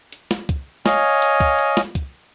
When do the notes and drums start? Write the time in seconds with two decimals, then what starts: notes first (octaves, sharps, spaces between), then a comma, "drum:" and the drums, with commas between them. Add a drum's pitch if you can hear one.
0.12 drum: hi-hat
0.31 drum: snare
0.49 drum: kick, hi-hat
0.86 C#5 D#5 F5 G#5, drum: snare
1.22 drum: hi-hat
1.40 drum: kick
1.59 drum: hi-hat
1.77 drum: snare
1.95 drum: kick, hi-hat